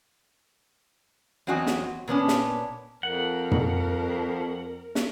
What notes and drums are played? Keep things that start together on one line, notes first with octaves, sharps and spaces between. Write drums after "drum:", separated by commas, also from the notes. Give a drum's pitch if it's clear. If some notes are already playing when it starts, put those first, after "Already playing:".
E2 F#3 C4 F#4 D#5 G#5
drum: snare
A#2 B3 C#4 D4
drum: snare
F2 A#4 F#5
drum: tom
drum: snare